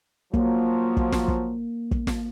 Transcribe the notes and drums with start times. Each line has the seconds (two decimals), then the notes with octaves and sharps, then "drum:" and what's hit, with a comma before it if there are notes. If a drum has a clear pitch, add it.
0.34 F3 F#3 A#3, drum: kick
0.97 drum: kick
1.12 drum: snare
1.28 drum: kick
1.91 drum: kick
2.07 drum: snare